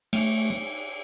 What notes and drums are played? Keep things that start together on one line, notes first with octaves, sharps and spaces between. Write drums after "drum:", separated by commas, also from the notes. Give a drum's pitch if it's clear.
A3, drum: cymbal